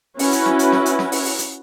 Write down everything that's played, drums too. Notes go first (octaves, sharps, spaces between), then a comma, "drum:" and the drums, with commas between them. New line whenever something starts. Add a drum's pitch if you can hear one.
C#4 E4 F#4 B4, drum: open hi-hat
drum: hi-hat
drum: snare
drum: hi-hat
drum: snare
drum: hi-hat
drum: snare
drum: open hi-hat
drum: open hi-hat
drum: hi-hat